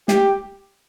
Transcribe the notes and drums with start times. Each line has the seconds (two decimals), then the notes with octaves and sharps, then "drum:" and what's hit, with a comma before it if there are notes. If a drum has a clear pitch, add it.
0.08 G4, drum: snare